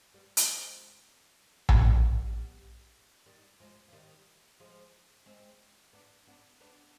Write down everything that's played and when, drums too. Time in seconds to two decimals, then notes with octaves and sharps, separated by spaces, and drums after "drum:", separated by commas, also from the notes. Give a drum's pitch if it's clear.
0.14 G3 B3
0.37 G#3 C4, drum: hi-hat
1.69 drum: tom A#1
1.92 B3 D4
2.26 G3 B3
3.26 D#3 G3
3.60 F3 G#3
3.88 F3
3.93 D#3 G3
4.60 F3 G#3
5.26 G#3 C4
5.93 B3 D4
6.27 B3 D4
6.61 B3 D4